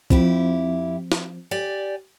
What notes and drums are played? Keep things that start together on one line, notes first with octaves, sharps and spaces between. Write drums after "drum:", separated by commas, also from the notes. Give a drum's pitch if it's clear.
F2 F3 C4 E4 G4, drum: kick
drum: snare
G4 D5 G#5